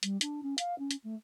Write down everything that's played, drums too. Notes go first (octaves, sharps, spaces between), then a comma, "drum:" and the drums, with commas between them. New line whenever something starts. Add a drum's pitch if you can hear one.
G3, drum: hi-hat
D4, drum: hi-hat
C#4
F5, drum: hi-hat
C#4
drum: hi-hat
A3